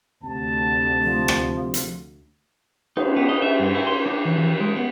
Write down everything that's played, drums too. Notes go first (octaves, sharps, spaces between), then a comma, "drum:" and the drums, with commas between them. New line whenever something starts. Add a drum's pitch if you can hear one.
D2 C3 A5
F3
drum: rim click
drum: hi-hat
D#4, drum: cymbal
B3
D#5
E5
G2
E4
C6
D4
E3
E3
G#3
B3